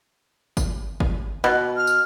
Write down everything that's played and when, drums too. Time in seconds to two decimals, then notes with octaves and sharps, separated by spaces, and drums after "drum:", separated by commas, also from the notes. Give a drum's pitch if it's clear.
0.57 drum: kick G1, tambourine
1.00 drum: kick G1
1.44 B2
1.77 F6
1.87 drum: tambourine